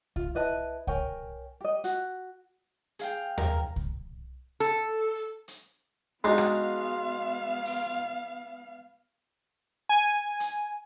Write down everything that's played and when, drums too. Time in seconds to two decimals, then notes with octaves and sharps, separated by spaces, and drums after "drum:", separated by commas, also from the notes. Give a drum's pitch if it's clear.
0.16 F4, drum: kick C2
0.35 E4 B4 D#5 A5
0.87 A#4 C#5 G5 G#5, drum: kick C2
1.61 G4 D#5
1.84 F#4, drum: hi-hat
2.99 G#4 F5 G5, drum: hi-hat
3.37 A#4, drum: tom D#2
3.76 drum: kick C2
4.60 A4
5.48 drum: hi-hat
6.24 G#3 B3 D4 D#4 F#4 F5 C6
6.38 drum: rim click
7.65 drum: open hi-hat
9.89 G#5
10.40 drum: hi-hat